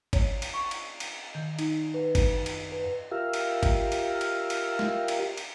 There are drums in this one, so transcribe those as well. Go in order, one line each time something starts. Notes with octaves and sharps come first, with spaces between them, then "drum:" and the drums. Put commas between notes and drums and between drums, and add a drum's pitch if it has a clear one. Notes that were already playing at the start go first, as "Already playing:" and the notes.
C#5, drum: kick, cymbal
drum: cymbal
C#6
drum: cymbal
drum: cymbal
D#3
D#4, drum: cymbal
B4
F#2, drum: kick, cymbal
drum: cymbal
B4
F4 G4 A#4 E5 F5
drum: cymbal
drum: kick, cymbal
drum: cymbal
drum: cymbal
drum: cymbal
drum: snare
drum: cymbal
drum: cymbal